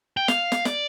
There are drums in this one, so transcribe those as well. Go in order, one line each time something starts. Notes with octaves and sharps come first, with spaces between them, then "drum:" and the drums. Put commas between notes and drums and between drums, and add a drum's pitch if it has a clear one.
G5
F5, drum: snare
drum: snare
D5, drum: snare